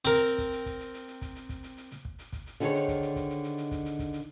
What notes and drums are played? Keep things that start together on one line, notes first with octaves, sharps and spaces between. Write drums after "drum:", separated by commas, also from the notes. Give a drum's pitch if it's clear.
C4 A#4
drum: hi-hat
drum: kick, hi-hat
drum: hi-hat
drum: kick, hi-hat
drum: hi-hat
drum: hi-hat
drum: hi-hat
drum: kick, hi-hat
drum: hi-hat
drum: kick, hi-hat
drum: hi-hat
drum: hi-hat
drum: hi-hat
drum: kick
drum: hi-hat
drum: kick, hi-hat
drum: hi-hat
D3 D#3 G#4 C5 C#5, drum: hi-hat
drum: hi-hat
drum: kick, hi-hat
drum: hi-hat
drum: kick, hi-hat
drum: hi-hat
drum: hi-hat
drum: hi-hat
drum: kick, hi-hat
drum: hi-hat
drum: kick, hi-hat
drum: hi-hat